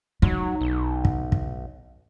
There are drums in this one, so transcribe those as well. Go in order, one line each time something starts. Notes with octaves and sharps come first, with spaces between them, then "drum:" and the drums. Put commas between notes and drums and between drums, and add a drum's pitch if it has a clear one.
F#3 D#4, drum: kick
B1
drum: kick
drum: kick